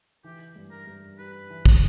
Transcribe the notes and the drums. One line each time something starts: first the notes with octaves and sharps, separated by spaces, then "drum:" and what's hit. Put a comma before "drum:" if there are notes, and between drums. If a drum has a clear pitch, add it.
E3 G4
G2
A#4
G2
G3 B4
E3
drum: kick